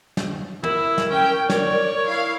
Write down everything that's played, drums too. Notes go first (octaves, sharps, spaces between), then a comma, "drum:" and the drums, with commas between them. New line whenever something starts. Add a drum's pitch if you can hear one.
drum: snare
E4 A#4, drum: tom
drum: snare
C#4 G5
C#5 D5, drum: snare
E4 F5